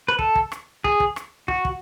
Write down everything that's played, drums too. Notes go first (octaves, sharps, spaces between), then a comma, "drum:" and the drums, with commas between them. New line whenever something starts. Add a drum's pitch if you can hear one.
B4
A4, drum: kick
drum: kick
drum: rim click
G#4, drum: kick
drum: kick
drum: rim click
F#4, drum: kick
drum: kick